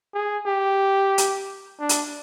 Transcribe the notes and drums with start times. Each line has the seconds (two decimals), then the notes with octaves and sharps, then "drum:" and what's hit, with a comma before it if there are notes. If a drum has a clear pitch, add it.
0.14 G#4
0.46 G4
1.18 drum: hi-hat
1.80 D4
1.89 drum: hi-hat